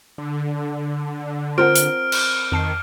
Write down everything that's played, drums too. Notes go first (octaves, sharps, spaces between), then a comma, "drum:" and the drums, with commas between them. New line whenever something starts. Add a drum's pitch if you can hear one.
D3
C4 F4 A#4 F#5 F6 D7
drum: hi-hat
drum: cymbal
F2 D#3 A5 C7